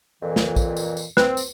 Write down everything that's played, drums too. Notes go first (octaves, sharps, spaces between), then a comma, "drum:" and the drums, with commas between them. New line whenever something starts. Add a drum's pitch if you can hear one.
F2 A#2 E3
drum: snare
drum: kick, tambourine
drum: tambourine
drum: tambourine
C4 B4, drum: snare
drum: tambourine